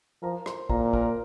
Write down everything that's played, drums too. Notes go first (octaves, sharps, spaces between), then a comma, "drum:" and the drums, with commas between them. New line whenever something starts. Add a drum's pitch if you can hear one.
F3 A#4 A#5
C5 C6, drum: rim click
A#2 A#4 A#5, drum: kick
A#4 A#5, drum: kick